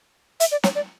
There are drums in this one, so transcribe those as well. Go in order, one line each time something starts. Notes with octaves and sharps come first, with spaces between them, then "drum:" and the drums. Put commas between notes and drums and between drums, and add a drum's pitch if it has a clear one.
E5, drum: hi-hat
D5
C#5, drum: snare
D5